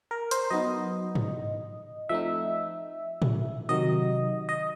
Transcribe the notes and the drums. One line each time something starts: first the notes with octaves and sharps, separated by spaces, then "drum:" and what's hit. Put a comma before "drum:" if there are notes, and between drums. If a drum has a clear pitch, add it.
A#4
C5, drum: hi-hat
F#3 B3 D#4 D#5
drum: tom G#2
F3 A3 C4 D#4 E5
drum: tom A2
C3 D#3 F#3 D#5
D#5